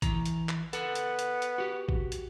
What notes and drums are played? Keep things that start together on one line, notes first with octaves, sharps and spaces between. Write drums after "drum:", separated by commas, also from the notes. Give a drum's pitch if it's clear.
E3 A#5, drum: kick, hi-hat
drum: hi-hat
drum: clap
B3 A4 F#5, drum: hi-hat
drum: hi-hat
drum: hi-hat
drum: hi-hat
F#4 G4
drum: kick
drum: hi-hat